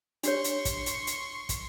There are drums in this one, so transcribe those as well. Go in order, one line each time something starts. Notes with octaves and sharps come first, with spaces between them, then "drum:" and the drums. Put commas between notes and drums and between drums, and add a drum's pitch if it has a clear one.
D4 G4 C#5 C6 C#6, drum: hi-hat
drum: hi-hat
drum: kick, hi-hat
drum: hi-hat
drum: hi-hat
drum: kick, hi-hat